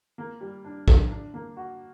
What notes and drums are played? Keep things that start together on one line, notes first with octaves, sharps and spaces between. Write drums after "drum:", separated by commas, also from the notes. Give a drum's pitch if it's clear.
A#3
G3
D4
D3, drum: kick
D4
A#3
F#4